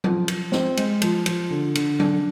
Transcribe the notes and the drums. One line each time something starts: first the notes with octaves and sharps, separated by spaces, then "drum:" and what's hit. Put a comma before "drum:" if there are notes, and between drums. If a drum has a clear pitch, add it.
F3, drum: tom F#3
F3, drum: cymbal
C4, drum: snare
G#3, drum: cymbal
F3, drum: cymbal
F3, drum: cymbal
D3
D3, drum: cymbal
D4, drum: tom F#3